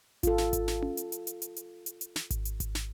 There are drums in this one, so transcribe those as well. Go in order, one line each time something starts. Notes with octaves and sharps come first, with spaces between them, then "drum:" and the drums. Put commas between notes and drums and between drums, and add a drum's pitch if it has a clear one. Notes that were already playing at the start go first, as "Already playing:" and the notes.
F4 A4, drum: kick G#1, hi-hat
drum: snare
drum: kick G#1, hi-hat
drum: snare
drum: tom C#4
drum: hi-hat
drum: hi-hat
drum: hi-hat
drum: hi-hat
drum: hi-hat
drum: hi-hat
drum: hi-hat
drum: snare
drum: kick G#1, hi-hat
drum: hi-hat
drum: kick G#1, hi-hat
drum: snare